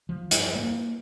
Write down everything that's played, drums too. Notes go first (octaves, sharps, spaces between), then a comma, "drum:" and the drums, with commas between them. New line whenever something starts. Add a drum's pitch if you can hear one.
F3
G2, drum: hi-hat
A#3